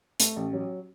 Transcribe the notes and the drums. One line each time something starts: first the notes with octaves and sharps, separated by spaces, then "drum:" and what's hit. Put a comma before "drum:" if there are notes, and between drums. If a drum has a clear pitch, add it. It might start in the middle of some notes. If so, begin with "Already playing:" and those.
A3, drum: hi-hat
A1
F#3